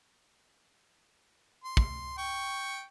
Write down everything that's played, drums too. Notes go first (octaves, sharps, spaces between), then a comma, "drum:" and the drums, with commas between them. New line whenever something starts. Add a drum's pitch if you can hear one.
C6
drum: kick
G5 C#6